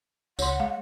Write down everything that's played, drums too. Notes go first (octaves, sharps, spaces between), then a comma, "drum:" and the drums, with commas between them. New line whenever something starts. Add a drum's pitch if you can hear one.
C#2 C#5 F#5 C6, drum: tambourine
G#3 F5